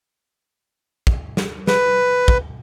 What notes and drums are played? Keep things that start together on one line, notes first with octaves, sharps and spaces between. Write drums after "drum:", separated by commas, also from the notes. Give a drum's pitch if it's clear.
drum: kick
drum: snare
B4, drum: snare
drum: kick